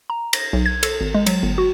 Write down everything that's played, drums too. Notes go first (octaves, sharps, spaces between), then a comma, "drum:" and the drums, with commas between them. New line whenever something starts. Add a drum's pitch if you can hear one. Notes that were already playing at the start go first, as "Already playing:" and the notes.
A#5
A#6, drum: cymbal
B1
G#6
A4, drum: cymbal
G#1
G#3
F#3, drum: cymbal
G1
F#4